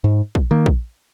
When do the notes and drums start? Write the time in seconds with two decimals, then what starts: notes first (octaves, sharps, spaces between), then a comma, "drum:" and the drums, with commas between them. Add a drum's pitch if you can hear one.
0.04 G#2
0.35 drum: kick
0.51 D#3 A#3
0.66 drum: kick